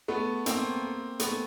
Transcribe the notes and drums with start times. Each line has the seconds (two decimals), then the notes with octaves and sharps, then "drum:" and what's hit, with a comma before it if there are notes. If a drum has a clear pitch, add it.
0.08 A3 B3
0.46 A#3 C4, drum: hi-hat
1.20 A3 B3, drum: hi-hat